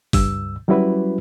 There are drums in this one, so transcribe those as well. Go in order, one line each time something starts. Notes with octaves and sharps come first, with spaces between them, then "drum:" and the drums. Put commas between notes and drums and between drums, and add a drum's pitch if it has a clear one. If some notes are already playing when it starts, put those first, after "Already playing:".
C#2 G2 E6, drum: kick G#1, open hi-hat
F#3 G3 C#4 E4 F#4 B4